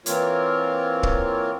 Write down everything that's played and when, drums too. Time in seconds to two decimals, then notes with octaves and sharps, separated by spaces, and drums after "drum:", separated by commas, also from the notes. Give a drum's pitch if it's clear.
0.06 E3 A#3 C4 F4 A#4 C#5, drum: hi-hat
1.03 drum: kick